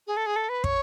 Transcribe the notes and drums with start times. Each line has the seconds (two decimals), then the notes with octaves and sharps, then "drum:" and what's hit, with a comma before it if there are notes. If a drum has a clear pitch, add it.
0.07 G#4
0.17 A4
0.26 G#4
0.36 A4
0.49 B4
0.64 C#5, drum: kick